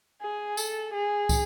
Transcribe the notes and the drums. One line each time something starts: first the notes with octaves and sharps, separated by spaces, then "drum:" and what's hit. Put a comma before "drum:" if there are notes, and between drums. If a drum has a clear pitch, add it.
G#4
A4, drum: tambourine
G#4
drum: kick, tambourine